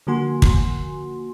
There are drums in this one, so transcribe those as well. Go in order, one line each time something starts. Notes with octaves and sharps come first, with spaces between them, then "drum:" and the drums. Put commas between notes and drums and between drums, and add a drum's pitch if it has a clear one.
D3 F3 A#3 F#4 G#5 C6
drum: kick